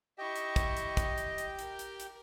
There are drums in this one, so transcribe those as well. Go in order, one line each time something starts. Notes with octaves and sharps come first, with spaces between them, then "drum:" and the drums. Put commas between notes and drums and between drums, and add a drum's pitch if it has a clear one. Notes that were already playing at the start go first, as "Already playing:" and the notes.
E4 G4 D#5 G5 C#6
drum: hi-hat
drum: kick, hi-hat
drum: hi-hat
drum: kick, hi-hat
drum: hi-hat
drum: hi-hat
A#4, drum: hi-hat
drum: hi-hat
drum: hi-hat